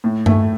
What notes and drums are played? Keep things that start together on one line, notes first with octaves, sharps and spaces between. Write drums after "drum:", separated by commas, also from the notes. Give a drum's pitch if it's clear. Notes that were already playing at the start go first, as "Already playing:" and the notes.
A2
A3, drum: tom G2